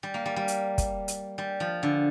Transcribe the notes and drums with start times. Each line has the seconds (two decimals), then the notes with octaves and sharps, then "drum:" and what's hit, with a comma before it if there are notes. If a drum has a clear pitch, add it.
0.03 G3
0.14 A#3
0.26 G3
0.36 G3
0.48 drum: hi-hat
0.78 drum: kick, hi-hat
1.08 drum: hi-hat
1.38 G3
1.60 F3
1.83 D3